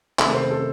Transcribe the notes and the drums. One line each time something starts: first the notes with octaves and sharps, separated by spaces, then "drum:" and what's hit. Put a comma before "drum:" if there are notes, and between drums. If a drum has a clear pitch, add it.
C3 D#3 A3 A4, drum: clap
A4
C5
A4